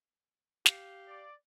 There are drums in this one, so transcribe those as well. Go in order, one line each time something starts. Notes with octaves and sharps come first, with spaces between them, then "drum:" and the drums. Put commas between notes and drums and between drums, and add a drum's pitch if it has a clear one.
G4 F5, drum: snare
D5